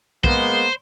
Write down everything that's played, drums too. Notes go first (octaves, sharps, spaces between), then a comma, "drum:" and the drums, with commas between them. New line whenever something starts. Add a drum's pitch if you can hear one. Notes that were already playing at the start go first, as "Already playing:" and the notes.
G#3 A#3 B3 C5, drum: kick